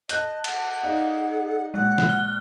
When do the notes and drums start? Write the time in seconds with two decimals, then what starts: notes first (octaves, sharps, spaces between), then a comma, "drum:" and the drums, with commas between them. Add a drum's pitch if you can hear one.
0.09 D#5 A5 F#6 G6, drum: hi-hat
0.44 F#5, drum: cymbal
0.83 D#4 G#4 D5 F5
1.74 A#1 G#3 F#5 F#6
1.98 drum: snare
2.09 F6 G7